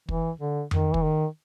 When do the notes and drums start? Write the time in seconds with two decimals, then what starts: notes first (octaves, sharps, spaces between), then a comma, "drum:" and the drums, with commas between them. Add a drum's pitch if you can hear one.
0.09 E3, drum: kick
0.40 D3
0.71 D#3, drum: tom F2
0.94 E3, drum: kick
1.04 D#3